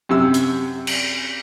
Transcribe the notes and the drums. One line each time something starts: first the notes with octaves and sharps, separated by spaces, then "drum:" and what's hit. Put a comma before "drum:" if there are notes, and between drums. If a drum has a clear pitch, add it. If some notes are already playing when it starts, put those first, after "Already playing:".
F#2 C3 E6
drum: hi-hat
drum: cymbal